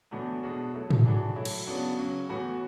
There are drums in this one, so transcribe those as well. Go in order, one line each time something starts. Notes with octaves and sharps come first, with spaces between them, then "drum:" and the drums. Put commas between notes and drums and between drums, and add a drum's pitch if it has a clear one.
A2 E3 B3 D4 F#4
B2 G#3 D4 F#4
F#3 A3 E4
drum: tom
E3 G#3 D4 F#4
F#3 A3 E4
drum: cymbal
C#3 F#3 B3 D4 F#4
C#3 F#3 C#4 F#4
A2 E3 B3 F#4